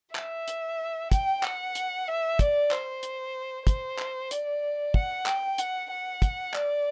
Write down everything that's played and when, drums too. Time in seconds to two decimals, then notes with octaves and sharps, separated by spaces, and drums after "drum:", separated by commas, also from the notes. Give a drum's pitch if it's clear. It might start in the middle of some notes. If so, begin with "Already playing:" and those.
0.15 E5, drum: clap
0.48 drum: hi-hat
1.12 G5, drum: kick, hi-hat
1.43 F#5, drum: clap
1.75 drum: hi-hat
2.08 E5
2.39 D5, drum: kick, hi-hat
2.71 C5, drum: clap
3.03 drum: hi-hat
3.67 C5, drum: kick, hi-hat
3.99 drum: clap
4.31 D5, drum: hi-hat
4.94 F#5, drum: kick
5.26 G5, drum: clap
5.58 F#5, drum: hi-hat
5.90 F#5
6.22 drum: kick, hi-hat
6.54 D5, drum: clap